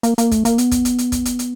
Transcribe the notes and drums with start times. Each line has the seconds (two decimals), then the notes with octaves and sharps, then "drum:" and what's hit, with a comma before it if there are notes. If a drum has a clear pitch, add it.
0.03 A#3, drum: hi-hat
0.18 A#3, drum: hi-hat
0.31 A3, drum: kick, hi-hat
0.45 A#3, drum: hi-hat
0.58 B3, drum: hi-hat
0.71 drum: kick, hi-hat
0.85 drum: hi-hat
0.98 drum: hi-hat
1.12 drum: kick, hi-hat
1.25 drum: hi-hat
1.39 drum: hi-hat